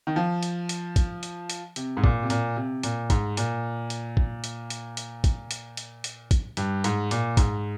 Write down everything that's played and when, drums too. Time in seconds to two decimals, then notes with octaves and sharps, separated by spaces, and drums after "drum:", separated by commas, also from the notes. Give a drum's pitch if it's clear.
0.07 D#3
0.16 F3
0.43 drum: hi-hat
0.69 drum: hi-hat
0.96 drum: kick, hi-hat
1.23 drum: hi-hat
1.50 drum: hi-hat
1.76 C3, drum: hi-hat
1.97 G#2
2.04 A#2, drum: kick
2.23 C3
2.30 A#2, drum: hi-hat
2.56 C3
2.83 A#2, drum: hi-hat
3.10 G#2, drum: kick, hi-hat
3.37 A#2, drum: hi-hat
3.90 drum: hi-hat
4.17 drum: kick
4.44 drum: hi-hat
4.70 drum: hi-hat
4.97 drum: hi-hat
5.24 drum: kick, hi-hat
5.51 drum: hi-hat
5.77 drum: hi-hat
6.04 drum: hi-hat
6.31 drum: kick, hi-hat
6.57 G2, drum: hi-hat
6.84 G#2, drum: hi-hat
7.11 A#2, drum: hi-hat
7.37 G#2, drum: kick, hi-hat